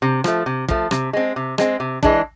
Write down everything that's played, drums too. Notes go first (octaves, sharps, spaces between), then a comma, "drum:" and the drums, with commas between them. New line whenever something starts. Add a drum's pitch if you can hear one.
C3
F3 A3, drum: rim click
C3
F3 A3, drum: kick
C3, drum: rim click
G#3 C4
C3
G#3 C4, drum: rim click
C3
E3 G#3 D4, drum: kick